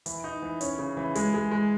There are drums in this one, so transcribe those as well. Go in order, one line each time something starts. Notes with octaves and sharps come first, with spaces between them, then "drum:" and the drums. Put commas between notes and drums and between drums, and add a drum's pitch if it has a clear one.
E3, drum: hi-hat
D#4
E3
C#4, drum: hi-hat
C#3
E3
G#3, drum: hi-hat
G#3
G#3